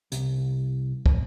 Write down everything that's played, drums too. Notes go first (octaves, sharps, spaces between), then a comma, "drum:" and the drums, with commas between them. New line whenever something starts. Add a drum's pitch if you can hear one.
C2, drum: hi-hat
drum: kick